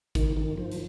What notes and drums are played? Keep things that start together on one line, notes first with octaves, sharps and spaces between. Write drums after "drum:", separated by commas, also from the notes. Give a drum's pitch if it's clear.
D#3, drum: kick G#1, hi-hat
D#3
F3
drum: hi-hat